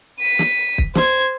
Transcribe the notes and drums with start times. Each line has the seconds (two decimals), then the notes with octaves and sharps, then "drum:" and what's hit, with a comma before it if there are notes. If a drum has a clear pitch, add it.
0.19 B6 D#7
0.39 drum: snare
0.78 drum: kick
0.95 C5 G#6, drum: snare